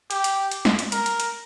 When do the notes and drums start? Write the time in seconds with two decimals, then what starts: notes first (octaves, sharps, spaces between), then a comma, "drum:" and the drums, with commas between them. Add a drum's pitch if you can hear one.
0.11 G4, drum: hi-hat
0.24 drum: hi-hat
0.51 drum: hi-hat
0.65 drum: snare
0.79 drum: hi-hat
0.92 A#4, drum: hi-hat
1.06 drum: hi-hat
1.20 drum: hi-hat